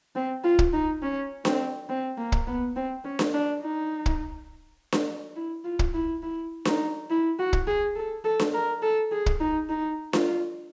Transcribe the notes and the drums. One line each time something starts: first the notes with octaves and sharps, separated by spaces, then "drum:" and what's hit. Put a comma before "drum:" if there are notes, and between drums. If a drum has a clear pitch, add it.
C4
F4
drum: kick
D#4
C#4
C4, drum: snare D4
C4
A#3
drum: kick
B3
C4
C#4
drum: snare D4
D4
D#4
drum: kick
drum: snare D4
E4
F4
drum: kick
E4
E4
D#4, drum: snare D4
E4
F#4
drum: kick
G#4
A4
A4
drum: snare D4
A#4
A4
G#4
drum: kick
D#4
D#4
F4, drum: snare D4